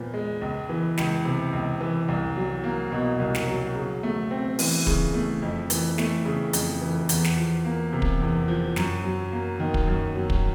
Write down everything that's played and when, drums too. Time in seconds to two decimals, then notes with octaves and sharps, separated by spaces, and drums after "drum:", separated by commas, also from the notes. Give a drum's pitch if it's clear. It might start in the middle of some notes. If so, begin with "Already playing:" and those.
Already playing: A#2 F3 B3
0.14 G#3
0.41 C#2
0.69 E3
0.97 C#2, drum: snare
1.25 C3
1.53 C#2
1.80 E3
2.08 C2
2.36 F#3
2.64 A#3
2.92 B2
3.20 C2
3.35 drum: snare
3.47 F#3
3.75 C#3
4.03 A3
4.31 C4
4.59 E3, drum: open hi-hat
4.87 C#3, drum: kick
5.14 A3
5.42 F2
5.70 E3, drum: hi-hat
5.98 A3, drum: snare
6.25 C#3
6.53 F2, drum: hi-hat
6.81 E3
7.09 E2, drum: hi-hat
7.24 drum: snare
7.37 F3
7.65 A#3
7.93 C3
8.02 drum: kick
8.20 E2
8.48 F3
8.76 F#2, drum: snare
9.04 F#3
9.32 A#3
9.60 D#3
9.74 drum: kick
9.87 F#2
10.15 F#3
10.30 drum: kick